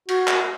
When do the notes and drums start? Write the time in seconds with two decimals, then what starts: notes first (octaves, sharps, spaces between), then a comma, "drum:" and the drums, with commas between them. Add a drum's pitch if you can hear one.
0.08 F#4, drum: cymbal
0.28 drum: clap